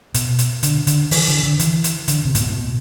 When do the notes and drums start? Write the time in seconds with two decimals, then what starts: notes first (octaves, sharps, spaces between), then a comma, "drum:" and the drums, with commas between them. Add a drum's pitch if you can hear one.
0.14 B2, drum: hi-hat
0.39 drum: hi-hat
0.63 D3, drum: hi-hat
0.87 D3, drum: hi-hat
1.11 E3, drum: open hi-hat
1.28 D3
1.43 D3
1.59 E3, drum: hi-hat
1.84 drum: hi-hat
2.08 D3, drum: hi-hat
2.25 C3
2.35 A2, drum: hi-hat
2.41 B2
2.50 A2
2.57 B2